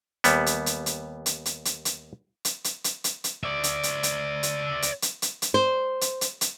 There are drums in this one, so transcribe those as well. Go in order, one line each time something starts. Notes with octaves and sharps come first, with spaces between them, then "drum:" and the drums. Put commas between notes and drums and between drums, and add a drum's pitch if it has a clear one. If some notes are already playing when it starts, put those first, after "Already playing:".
D#2 G3 B3, drum: hi-hat
drum: hi-hat
drum: hi-hat
drum: hi-hat
drum: hi-hat
drum: hi-hat
drum: hi-hat
drum: hi-hat
drum: hi-hat
drum: hi-hat
drum: hi-hat
drum: hi-hat
drum: hi-hat
D5 E5
drum: hi-hat
drum: hi-hat
drum: hi-hat
drum: hi-hat
drum: hi-hat
drum: hi-hat
drum: hi-hat
drum: hi-hat
C5
drum: hi-hat
drum: hi-hat
drum: hi-hat